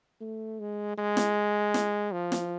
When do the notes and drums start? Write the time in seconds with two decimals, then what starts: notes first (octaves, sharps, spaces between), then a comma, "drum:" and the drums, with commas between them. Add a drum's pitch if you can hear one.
0.21 A3
0.60 G#3
0.98 G#3
1.17 drum: snare
1.74 drum: snare
2.13 F3
2.32 drum: snare